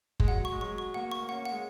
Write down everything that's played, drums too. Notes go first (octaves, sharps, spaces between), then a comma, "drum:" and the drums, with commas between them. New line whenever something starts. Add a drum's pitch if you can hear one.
G#3, drum: kick F#1
F#3 F#5
C#6
G#3
F#3 C#6
C#6
A#3 F#5
C#6
A#3
C#4 F#5
F#5
G#3